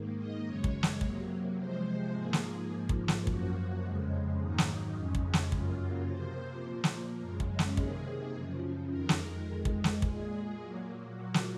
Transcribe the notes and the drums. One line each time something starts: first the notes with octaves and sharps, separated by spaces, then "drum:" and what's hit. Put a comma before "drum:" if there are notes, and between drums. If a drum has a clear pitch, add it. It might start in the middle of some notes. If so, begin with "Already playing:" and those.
Already playing: G#2 D#3 A#3
D#5
F#2 C#3 G#3 C#5
drum: kick
drum: snare
C3 F#3 A#3, drum: kick
C3 F3 G#3 C5
G#2 F3 A#3 G#4
drum: snare
G#2 F3 A#3
drum: kick
drum: snare
F#2 F3 A#3 F#4, drum: kick
F2 C#3 F3 G#3
G#2 D#3 F#3 A#3 D#4
drum: snare
F2 C#3 G#3 C#4
drum: kick
drum: snare
F#2 C#3 F#3 A#3 F4, drum: kick
C3 F3 A#3 C5
A#2 F3 A#3
drum: snare
F#2 C#3 G#3 A#4
drum: kick
C#4
drum: snare
C3 D#3 A#3 G#4, drum: kick
F#2 C#3 F3
F2 D#3 G#3 A#4
drum: snare
F2 D#3 G#3
drum: kick
drum: snare
A#2 G#3 G#4, drum: kick
A#2 F#3 A#3
A#2 F#3 A#3 F#4
drum: snare